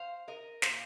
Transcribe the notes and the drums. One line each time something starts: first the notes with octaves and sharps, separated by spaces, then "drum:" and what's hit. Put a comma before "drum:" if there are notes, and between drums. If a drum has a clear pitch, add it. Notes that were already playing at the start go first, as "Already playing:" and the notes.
Already playing: C5 F5
A#4 D#5
A#2 A#3 C5 F5, drum: snare